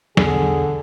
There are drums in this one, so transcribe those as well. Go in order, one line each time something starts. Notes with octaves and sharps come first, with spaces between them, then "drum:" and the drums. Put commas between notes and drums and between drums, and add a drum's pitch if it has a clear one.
B1 E2 D3 B3 G#4, drum: snare